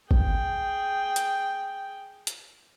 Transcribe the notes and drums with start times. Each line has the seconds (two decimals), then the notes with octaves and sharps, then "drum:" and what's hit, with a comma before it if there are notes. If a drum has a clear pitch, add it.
0.11 G#4 G5, drum: kick G1
1.16 drum: hi-hat
2.27 drum: hi-hat